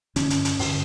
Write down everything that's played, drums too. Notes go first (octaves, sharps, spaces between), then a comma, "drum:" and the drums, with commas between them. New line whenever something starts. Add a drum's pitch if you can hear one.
G2 D3 C#4, drum: hi-hat
drum: hi-hat
drum: hi-hat
G2 D3, drum: open hi-hat